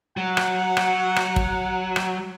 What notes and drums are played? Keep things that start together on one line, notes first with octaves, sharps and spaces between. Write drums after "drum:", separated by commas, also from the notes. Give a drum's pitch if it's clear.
F#3 F#5
drum: rim click
drum: rim click
drum: rim click
drum: kick
drum: rim click